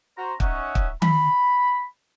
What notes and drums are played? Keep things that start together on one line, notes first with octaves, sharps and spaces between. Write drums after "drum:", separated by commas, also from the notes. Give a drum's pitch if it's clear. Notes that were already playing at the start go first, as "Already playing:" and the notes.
F#4 C5 A#5
C#4 D#4 E5 F#5, drum: kick
drum: kick
B5, drum: tom D#3